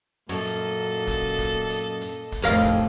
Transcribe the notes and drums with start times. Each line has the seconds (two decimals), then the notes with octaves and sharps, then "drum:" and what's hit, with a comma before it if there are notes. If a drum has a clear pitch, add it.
0.29 F#2 A#2 A4 D#5
0.45 drum: hi-hat
1.07 drum: kick, hi-hat
1.39 drum: kick, hi-hat
1.70 drum: hi-hat
2.01 drum: hi-hat
2.32 drum: kick, hi-hat
2.42 F2 A2 C3 D#3 A#4 F5
2.63 drum: kick, hi-hat